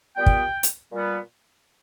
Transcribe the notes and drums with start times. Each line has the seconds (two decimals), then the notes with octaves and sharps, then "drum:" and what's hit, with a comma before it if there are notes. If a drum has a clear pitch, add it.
0.16 A#2 G3 B3 G5
0.26 drum: kick
0.63 drum: hi-hat
0.91 A#2 G3 B3